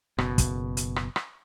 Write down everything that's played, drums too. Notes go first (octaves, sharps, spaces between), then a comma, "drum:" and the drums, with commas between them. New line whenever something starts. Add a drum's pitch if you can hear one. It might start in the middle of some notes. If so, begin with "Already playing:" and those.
F#1 B2, drum: rim click
drum: kick, hi-hat
drum: hi-hat
drum: rim click
drum: rim click